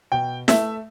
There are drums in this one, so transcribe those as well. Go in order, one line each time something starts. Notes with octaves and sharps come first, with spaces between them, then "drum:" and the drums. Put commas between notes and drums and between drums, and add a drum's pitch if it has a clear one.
B2 G5
A3 E5, drum: snare